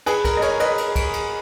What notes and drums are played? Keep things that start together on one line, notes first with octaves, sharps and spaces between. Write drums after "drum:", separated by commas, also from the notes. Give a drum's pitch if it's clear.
G#4 B4, drum: cymbal
A#4, drum: kick C2, cymbal
D#5
A#4 C#5, drum: cymbal
B4 D#5, drum: cymbal
drum: cymbal
drum: kick C2, cymbal
drum: cymbal